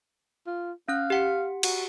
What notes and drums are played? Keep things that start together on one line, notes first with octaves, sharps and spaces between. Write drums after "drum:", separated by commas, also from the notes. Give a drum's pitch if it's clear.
F4
C#4 F5 F#6
G4 F#5 C#7
F#4, drum: cymbal